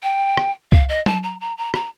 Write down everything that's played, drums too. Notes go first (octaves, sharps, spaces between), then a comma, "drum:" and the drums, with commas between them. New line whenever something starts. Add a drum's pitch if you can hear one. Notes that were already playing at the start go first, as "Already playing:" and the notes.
G5
drum: rim click
F5, drum: kick C2
D#5
A5, drum: tom F#3
A#5
A#5
A#5
A#5, drum: rim click